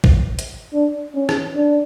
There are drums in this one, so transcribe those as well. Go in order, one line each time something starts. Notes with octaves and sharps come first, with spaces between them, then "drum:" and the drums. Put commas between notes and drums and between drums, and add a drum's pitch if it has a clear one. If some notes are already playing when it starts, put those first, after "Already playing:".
drum: kick
drum: hi-hat
D4
C#4
drum: rim click
D4